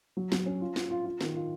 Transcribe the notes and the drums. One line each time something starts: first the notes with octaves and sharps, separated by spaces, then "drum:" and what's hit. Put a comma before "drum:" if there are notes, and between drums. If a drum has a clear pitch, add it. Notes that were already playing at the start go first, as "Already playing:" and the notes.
F#3
F#3, drum: snare
C#4
F4
F4, drum: snare
F4
F4
D#3, drum: snare
F4